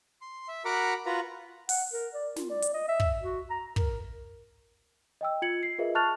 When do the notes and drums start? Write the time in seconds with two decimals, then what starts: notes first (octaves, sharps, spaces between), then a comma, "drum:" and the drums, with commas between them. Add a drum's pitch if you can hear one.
0.21 C6
0.48 E5
0.65 F#4 A#4 F#5 A#5 B5 D6
1.06 F4 F#4 B4 A#5
1.69 F#5, drum: open hi-hat
1.93 A#4
2.14 D5
2.36 F4, drum: snare
2.50 D5
2.62 drum: hi-hat
2.74 D#5
2.88 E5
3.00 drum: kick
3.21 F#4
3.50 A#5
3.76 A#4, drum: kick
5.21 D#5 G5 E6
5.42 F4 G#6 C#7 F#7
5.63 C7
5.78 F4 G#4 A#4 B4 D#5 E5
5.95 A5 C#6 F6 F#6 A6 F7